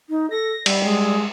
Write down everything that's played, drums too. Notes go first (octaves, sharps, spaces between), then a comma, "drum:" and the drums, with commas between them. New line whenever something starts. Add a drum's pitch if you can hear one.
D#4
A4 A#6
G3 D5, drum: cymbal
G#3